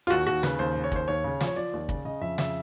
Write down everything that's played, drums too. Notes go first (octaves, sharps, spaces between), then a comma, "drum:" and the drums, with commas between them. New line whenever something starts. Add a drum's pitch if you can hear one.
F4
D#2 F#4
D#2 F#4
C#3 B4, drum: snare
D#2 C5
C#3
C#5
D#2 C5, drum: kick
D#2 C#5
C#3
F3, drum: snare
C#5
F3 D5
D#2
C#3, drum: kick
C#3 D#5
F2 E5
C#3 E5, drum: snare